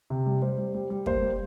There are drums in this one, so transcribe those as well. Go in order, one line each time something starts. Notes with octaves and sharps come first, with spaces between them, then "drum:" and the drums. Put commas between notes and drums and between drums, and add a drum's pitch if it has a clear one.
C3
G3
G3 C5
G3
G3
G3
A#3 C5, drum: kick
G3